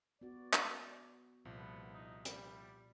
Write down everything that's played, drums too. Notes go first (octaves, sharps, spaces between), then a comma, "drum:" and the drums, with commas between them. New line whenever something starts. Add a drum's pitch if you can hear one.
B3 F#4 D5
drum: clap
C2 A#2 F3
B3
D#4
G3, drum: hi-hat